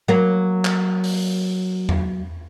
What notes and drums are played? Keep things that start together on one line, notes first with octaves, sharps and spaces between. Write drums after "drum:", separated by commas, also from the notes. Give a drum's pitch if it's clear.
F#3 A#3
drum: clap
drum: open hi-hat
drum: tom E2